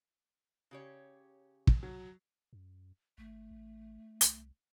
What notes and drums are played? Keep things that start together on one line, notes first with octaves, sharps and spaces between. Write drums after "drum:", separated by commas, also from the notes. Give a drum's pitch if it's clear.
C#3 G4 C#5
drum: kick
F#3
F#2
G#1 A3
A1
C2, drum: hi-hat